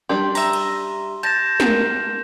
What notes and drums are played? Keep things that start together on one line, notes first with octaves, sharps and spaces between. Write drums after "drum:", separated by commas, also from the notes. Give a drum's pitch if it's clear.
G3 D4 G4 C6
E5 A#5, drum: open hi-hat
drum: cymbal
A5 G6 A#6 E7
A#4, drum: snare